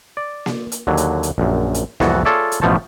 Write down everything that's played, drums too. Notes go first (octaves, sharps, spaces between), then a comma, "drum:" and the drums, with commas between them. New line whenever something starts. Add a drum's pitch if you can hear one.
D5
drum: snare A#3
drum: hi-hat
D#2 D3 F#3
drum: hi-hat
drum: hi-hat
A#1 F#2
drum: hi-hat
C2 F2 E3 B3 F#4 A4, drum: snare A#3
F4 G#4 A4 C#5 D5 E5
drum: hi-hat
A1 B2 F3 A3 C#5 A5